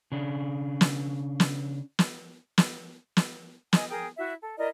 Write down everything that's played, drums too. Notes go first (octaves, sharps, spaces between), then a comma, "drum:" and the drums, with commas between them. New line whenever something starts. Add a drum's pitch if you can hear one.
C#3 D4
drum: snare
drum: snare
drum: snare
drum: snare
drum: snare
D#5 G#5 D#6, drum: snare
G#4 A#4 G5 D#6
E4 F#4 E5
A4
E4 A#4 D5 D#5